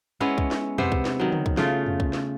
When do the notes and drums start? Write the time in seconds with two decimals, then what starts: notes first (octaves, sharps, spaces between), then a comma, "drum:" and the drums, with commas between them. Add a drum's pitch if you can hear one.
0.20 G#3 B3 C#4 E4
0.38 drum: kick
0.51 drum: snare
0.78 C3 B3 C5 E5, drum: tom E2
0.92 drum: kick
1.05 drum: snare
1.20 D#3 F#3
1.32 drum: tom C#3
1.46 drum: kick
1.57 C#3 A3 F4, drum: snare
1.86 drum: tom E2
2.00 drum: kick
2.13 drum: snare